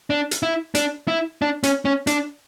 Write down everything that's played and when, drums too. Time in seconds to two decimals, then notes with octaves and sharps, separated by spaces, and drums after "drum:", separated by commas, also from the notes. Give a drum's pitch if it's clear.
0.10 D4
0.31 drum: hi-hat
0.43 E4
0.75 D4, drum: hi-hat
1.08 E4
1.42 D4
1.63 C#4, drum: hi-hat
1.85 C#4
2.07 D4, drum: hi-hat